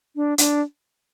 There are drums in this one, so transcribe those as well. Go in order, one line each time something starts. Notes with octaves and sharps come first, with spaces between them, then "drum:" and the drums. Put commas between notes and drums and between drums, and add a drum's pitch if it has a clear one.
D4
D4, drum: hi-hat